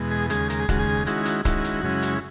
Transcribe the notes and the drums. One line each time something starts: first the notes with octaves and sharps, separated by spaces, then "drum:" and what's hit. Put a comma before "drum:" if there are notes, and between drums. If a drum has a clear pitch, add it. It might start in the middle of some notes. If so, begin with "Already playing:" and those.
Already playing: E2 B2 G#3
G#4
D#2 C#3 G#3 G#4, drum: hi-hat
A#4, drum: hi-hat
G#4
D#2 C#3 G#3 F#4, drum: kick C#1, hi-hat
G#4
D#3 G#3 C#4 E4 F#4, drum: hi-hat
F#4, drum: hi-hat
D#3 G#3 C#4 E4 F#4, drum: kick C#1, hi-hat
drum: hi-hat
F#2 C#3 G#3 C#4 E4
drum: hi-hat